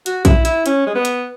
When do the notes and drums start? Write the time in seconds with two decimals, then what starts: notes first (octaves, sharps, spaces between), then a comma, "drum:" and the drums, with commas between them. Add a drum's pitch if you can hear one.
0.06 F#4, drum: hi-hat
0.25 E4, drum: kick, hi-hat
0.45 E4, drum: hi-hat
0.66 C#4, drum: hi-hat
0.87 G#3
0.95 B3
1.05 drum: hi-hat